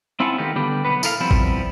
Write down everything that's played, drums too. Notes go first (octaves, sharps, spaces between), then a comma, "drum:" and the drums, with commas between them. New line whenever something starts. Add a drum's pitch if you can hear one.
C4 E4 F4 G#4 F#5 A5
D#3 A3 B3 D#4 F4 G4
D3 G3 B3 D4 G4 B4
B1 B3 B4
E4 A4 A#4 D#5 F5, drum: tambourine
F3 G3 B3 C4 E4
drum: kick G#1